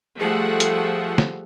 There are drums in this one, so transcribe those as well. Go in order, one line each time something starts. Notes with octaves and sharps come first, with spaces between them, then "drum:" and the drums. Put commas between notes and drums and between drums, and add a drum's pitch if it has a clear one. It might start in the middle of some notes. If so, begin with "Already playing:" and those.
F3 G3 A3 G#4 A4 F#5
drum: hi-hat
drum: snare